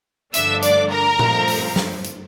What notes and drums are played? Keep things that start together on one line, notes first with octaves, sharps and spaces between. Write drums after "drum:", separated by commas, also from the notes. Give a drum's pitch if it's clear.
G2 D3 F3 A3 D4 E5 E6, drum: hi-hat
D5 D6, drum: hi-hat
A#4 A#5
G2 F3 A3 C4, drum: tom A#2
drum: open hi-hat
drum: snare
drum: hi-hat